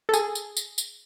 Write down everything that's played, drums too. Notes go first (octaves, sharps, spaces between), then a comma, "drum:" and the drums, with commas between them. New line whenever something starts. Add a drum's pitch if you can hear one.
A4
G#4, drum: tambourine
drum: tambourine
drum: tambourine
drum: tambourine